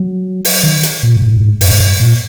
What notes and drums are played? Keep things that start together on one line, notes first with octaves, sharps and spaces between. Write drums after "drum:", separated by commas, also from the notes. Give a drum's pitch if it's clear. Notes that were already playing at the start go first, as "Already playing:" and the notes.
Already playing: F#3
drum: open hi-hat
D#3
drum: hi-hat
A#2
G#2
A2
G2
G#2
F#2, drum: open hi-hat
G#2
G2
A#2